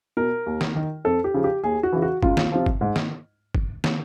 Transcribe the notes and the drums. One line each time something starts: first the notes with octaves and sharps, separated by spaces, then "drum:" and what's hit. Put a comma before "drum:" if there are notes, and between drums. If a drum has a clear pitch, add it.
B2 A#4
D#2
drum: snare
D#3
F2 A4
G4
C#3 F3
G4
D#2 G#4
F#4
C#3 E3
F#4
C#2 F4, drum: kick
drum: snare
C3 F3
drum: kick
G#2
drum: snare
drum: kick
drum: snare